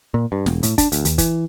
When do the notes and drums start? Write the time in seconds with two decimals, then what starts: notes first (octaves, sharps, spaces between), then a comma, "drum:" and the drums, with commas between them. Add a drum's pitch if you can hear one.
0.14 A#2
0.32 G2
0.46 E1, drum: snare
0.63 A2, drum: hi-hat
0.78 D4, drum: kick, hi-hat
0.92 D2, drum: hi-hat
1.05 D#2, drum: hi-hat
1.18 E3, drum: kick, hi-hat